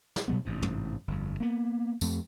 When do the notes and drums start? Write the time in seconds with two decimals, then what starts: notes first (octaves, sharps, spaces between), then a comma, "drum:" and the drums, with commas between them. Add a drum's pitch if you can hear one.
0.16 drum: snare
0.28 B2 F#3 G3 B3
0.45 A1 G#2 C3
0.62 drum: tom
1.08 G1 F2
1.40 A#3 B3
2.01 F2 A3 C4, drum: tambourine